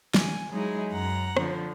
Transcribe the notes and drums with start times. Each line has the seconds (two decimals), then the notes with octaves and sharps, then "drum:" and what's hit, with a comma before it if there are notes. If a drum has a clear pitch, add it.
0.14 G#5, drum: snare
0.51 F#3 G#3 D#4 E4 G#4
0.92 F#2 F#5 A#5
1.37 D3 F3, drum: rim click